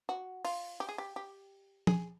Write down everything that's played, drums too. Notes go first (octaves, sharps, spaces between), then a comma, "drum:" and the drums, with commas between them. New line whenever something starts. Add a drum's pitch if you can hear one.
F#4
F4, drum: open hi-hat
G4
G#4
G4
G4
G#4, drum: tom